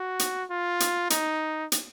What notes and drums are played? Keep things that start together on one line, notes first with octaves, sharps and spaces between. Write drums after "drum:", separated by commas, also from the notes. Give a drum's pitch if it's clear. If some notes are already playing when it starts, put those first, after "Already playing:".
Already playing: F#4
drum: hi-hat
F4
drum: hi-hat
D#4, drum: hi-hat
drum: hi-hat